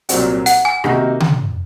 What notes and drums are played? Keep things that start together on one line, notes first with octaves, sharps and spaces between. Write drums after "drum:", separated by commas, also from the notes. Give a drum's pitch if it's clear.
C2 A#2 F#3 C4 F#4, drum: hi-hat
F#5, drum: hi-hat
G#5
C3 D#3 A#3 D#4 F#4, drum: rim click
drum: tom C#3